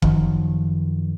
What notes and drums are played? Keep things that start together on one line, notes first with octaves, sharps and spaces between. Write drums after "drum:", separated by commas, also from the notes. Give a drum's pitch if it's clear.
F#2 D#3 F3, drum: kick F#1